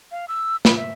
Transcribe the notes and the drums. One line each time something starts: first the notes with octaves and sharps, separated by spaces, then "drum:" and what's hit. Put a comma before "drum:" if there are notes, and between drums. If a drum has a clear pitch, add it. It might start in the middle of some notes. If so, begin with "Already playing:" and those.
F5
E6
B5, drum: snare
E5